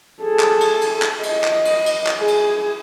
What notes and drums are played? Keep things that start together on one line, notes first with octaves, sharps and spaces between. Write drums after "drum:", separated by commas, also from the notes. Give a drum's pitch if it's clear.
G#4 A4
drum: clap
drum: cymbal
drum: cymbal
drum: clap
D#5, drum: cymbal
drum: clap
drum: cymbal
drum: cymbal
drum: clap
G#4
drum: cymbal